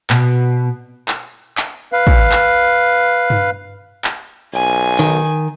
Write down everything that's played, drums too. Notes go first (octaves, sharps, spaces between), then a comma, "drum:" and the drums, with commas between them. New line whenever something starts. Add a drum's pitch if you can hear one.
B2, drum: clap
drum: clap
drum: clap
B4 F5
drum: kick
drum: clap
drum: tom G2
drum: clap
B1 G#5
D#3